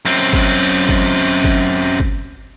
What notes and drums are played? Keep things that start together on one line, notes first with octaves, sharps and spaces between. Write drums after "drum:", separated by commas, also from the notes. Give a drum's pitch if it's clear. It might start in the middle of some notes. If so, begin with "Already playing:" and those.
F#2 C4
drum: kick G1
drum: kick G1
drum: kick G1
drum: kick G1